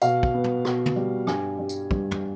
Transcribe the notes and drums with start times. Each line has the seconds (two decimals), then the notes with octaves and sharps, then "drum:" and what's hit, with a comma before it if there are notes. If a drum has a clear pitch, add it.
0.02 B2 F5, drum: tambourine
0.23 drum: kick
0.34 B3
0.44 drum: tom
0.65 B2, drum: rim click
0.86 drum: tom
0.96 G3
1.27 G2 G#5, drum: rim click
1.59 G3
1.69 drum: tambourine
1.91 G2, drum: kick
2.11 drum: tom